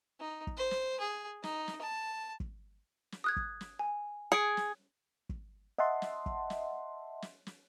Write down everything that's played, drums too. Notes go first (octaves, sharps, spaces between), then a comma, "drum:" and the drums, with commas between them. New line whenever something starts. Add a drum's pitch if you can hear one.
D#4
drum: kick
C5
drum: snare
G#4
D#4, drum: snare
drum: snare
A5
drum: kick
drum: snare
D#6 F#6 G#6
drum: kick
drum: snare
G#5
G#4 C#7 D7, drum: snare
drum: snare
drum: kick
D#5 E5 F#5 A5 C6
drum: snare
drum: kick
drum: snare
drum: snare
drum: snare